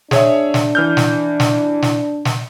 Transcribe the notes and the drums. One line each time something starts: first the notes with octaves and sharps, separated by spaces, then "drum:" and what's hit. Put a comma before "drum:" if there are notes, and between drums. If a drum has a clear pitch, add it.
D4 G#4 C#5 E5, drum: snare
drum: snare
E3 F6 G6
drum: snare
drum: snare
drum: snare
drum: snare